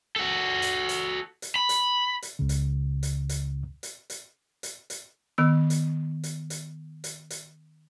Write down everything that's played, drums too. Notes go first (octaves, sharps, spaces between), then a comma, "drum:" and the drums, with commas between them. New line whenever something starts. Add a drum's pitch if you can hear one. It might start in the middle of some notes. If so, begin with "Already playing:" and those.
F#4 A4
drum: hi-hat
drum: hi-hat
drum: hi-hat
B5
drum: hi-hat
drum: hi-hat
C#2 C#3
drum: hi-hat
drum: hi-hat
drum: hi-hat
drum: hi-hat
drum: hi-hat
drum: hi-hat
drum: hi-hat
D#3 B3 E6
drum: hi-hat
drum: hi-hat
drum: hi-hat
drum: hi-hat
drum: hi-hat